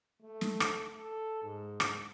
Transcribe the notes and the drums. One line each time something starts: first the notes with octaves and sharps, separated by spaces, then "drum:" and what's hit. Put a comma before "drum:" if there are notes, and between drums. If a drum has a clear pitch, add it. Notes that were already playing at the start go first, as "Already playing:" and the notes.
A3
drum: snare
drum: rim click
A4
G#2
drum: rim click